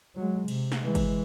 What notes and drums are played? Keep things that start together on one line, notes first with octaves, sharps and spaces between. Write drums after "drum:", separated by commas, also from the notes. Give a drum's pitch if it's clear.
F#3 G#3
C3, drum: cymbal
drum: snare
E3 G#3
drum: kick, cymbal